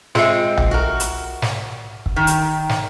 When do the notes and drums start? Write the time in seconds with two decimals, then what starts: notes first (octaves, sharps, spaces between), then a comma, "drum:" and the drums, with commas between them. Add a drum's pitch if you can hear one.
0.15 G#3 C4 F4 E5, drum: snare
0.57 drum: tom B1
0.71 F#4 A#4
1.00 drum: hi-hat
1.42 drum: snare
2.06 drum: kick
2.16 D#3
2.27 drum: hi-hat
2.69 drum: snare